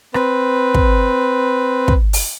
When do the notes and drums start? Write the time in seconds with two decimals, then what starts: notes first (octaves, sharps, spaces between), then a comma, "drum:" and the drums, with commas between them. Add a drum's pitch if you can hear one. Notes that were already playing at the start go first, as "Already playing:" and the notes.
0.14 C4 B4, drum: rim click
0.74 drum: kick
1.88 drum: kick
2.13 drum: open hi-hat